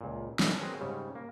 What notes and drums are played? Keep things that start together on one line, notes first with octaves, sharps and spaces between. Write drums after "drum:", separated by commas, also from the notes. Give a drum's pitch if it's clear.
C#2 A#2
B2 D3 E3 F#3, drum: snare
C4 F#4 G#4 A#4 B4 C#5
G#2 C#3 G3
A#3